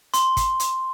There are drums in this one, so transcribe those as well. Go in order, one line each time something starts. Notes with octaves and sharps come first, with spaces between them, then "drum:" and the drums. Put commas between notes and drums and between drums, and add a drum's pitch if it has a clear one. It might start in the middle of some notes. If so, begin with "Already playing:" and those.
C6, drum: hi-hat
drum: kick, hi-hat
drum: hi-hat